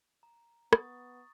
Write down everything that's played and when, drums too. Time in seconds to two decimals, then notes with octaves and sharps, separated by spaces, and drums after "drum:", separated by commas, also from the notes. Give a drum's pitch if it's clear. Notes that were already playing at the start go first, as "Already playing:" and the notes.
0.23 A#5
0.73 B3 C#6 D#6 A6, drum: rim click